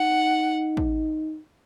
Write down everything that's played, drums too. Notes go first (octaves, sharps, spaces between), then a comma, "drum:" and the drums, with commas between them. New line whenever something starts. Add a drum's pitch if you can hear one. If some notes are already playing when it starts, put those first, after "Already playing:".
Already playing: D#4 F#5
drum: kick